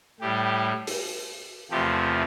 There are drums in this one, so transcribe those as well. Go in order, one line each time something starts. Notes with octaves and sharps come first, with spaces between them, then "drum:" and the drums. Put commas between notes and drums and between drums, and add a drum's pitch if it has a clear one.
A2 G3 G4
drum: open hi-hat
E2 C3 F3 A3 G4